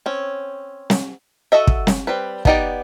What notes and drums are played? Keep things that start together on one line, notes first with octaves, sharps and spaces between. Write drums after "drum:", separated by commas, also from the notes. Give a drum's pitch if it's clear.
C4 C#4
drum: snare
F#4 A4 D#5 E5
drum: kick
drum: snare
G3 C4 B4
B3 D4 D#4 G4 D5, drum: kick